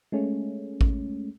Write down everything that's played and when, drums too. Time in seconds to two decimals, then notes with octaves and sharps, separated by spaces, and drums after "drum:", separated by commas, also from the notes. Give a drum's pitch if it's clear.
0.12 G#3 A3 C#4
0.81 drum: kick A1